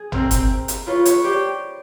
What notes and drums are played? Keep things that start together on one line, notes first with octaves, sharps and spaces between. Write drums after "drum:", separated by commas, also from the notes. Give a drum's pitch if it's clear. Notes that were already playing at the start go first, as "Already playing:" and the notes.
Already playing: G#4
C4 A#4 C5, drum: tom G#1
drum: kick F#1, hi-hat
drum: hi-hat
F4 B4 C#5
B4 C#5, drum: hi-hat
G4 C5 D5